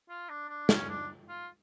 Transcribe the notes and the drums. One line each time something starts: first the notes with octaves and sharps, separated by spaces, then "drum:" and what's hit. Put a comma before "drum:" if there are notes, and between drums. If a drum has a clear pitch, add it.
F4
D4
D4
C#4, drum: snare
D4
F4